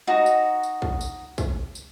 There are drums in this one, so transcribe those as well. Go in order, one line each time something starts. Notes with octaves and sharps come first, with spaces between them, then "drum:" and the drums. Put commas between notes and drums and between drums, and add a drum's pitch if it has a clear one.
D#4 F#4
drum: tambourine
drum: tambourine
drum: kick
drum: tambourine
drum: kick, tambourine
drum: tambourine